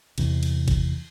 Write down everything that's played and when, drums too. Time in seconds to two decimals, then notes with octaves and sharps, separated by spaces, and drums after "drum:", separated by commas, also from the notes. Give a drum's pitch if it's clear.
0.18 E2 C3, drum: cymbal
0.43 drum: cymbal
0.68 drum: kick F#1, cymbal